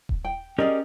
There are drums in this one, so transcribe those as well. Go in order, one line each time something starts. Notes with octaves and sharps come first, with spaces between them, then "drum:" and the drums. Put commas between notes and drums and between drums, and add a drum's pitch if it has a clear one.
drum: kick D#1
G5
C#4 G4 G#4 A#4 D5 D#5